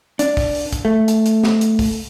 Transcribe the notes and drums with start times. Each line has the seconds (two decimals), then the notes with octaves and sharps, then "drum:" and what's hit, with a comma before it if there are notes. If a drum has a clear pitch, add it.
0.19 D4, drum: hi-hat
0.37 drum: kick, open hi-hat
0.55 drum: open hi-hat
0.73 drum: kick, hi-hat
0.85 A3
1.08 drum: hi-hat
1.26 drum: hi-hat
1.43 drum: snare
1.61 drum: hi-hat
1.79 drum: kick, open hi-hat